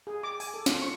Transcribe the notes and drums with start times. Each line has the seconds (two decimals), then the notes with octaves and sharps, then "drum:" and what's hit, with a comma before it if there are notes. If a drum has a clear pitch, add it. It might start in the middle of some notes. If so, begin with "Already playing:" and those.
0.07 G#4
0.23 D6
0.40 G#5, drum: open hi-hat
0.54 A4
0.66 F4, drum: snare
0.82 C#6